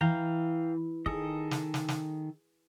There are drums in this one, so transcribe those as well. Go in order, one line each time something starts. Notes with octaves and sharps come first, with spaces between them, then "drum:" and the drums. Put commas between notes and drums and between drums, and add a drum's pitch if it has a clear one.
E3 F5 G5 A#5
D#3 G#4 A4 D#5, drum: kick
drum: snare
drum: snare
drum: snare